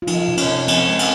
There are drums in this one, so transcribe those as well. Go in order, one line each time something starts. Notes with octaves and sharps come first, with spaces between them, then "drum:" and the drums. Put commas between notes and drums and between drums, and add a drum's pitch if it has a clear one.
F4
F3 D#4, drum: cymbal
C3
C#4, drum: cymbal
C3
F3 C4, drum: cymbal
G#3
drum: cymbal